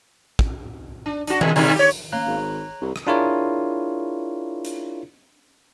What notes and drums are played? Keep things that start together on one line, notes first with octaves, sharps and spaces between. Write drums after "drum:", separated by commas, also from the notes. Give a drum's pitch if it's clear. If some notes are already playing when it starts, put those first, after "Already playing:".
drum: kick
D4
D4 F#4, drum: hi-hat
B2 E3 G#3, drum: tom D#3
B2 D#3 G3, drum: open hi-hat
G4 C#5
drum: tambourine
A#3 C#4 C#5 F5 A#5 F#6
G#1
G#4
C2
drum: rim click
D4 E4 F4 G#4 A#4 C#5
drum: hi-hat